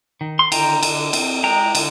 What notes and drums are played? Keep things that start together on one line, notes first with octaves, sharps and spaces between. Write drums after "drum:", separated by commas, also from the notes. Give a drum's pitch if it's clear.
D#3
C6
D3 G5 A#5, drum: cymbal
D3, drum: cymbal
C4, drum: cymbal
G#3 G5 A#5
D3, drum: cymbal